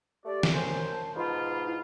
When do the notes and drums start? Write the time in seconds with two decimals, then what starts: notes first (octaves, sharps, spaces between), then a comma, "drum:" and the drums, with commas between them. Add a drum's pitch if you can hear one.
0.25 A3 G4 D5
0.43 drum: snare
0.53 F#2 C5 G#5
0.91 A5
1.16 G#2 B2 F4 B5
1.66 E4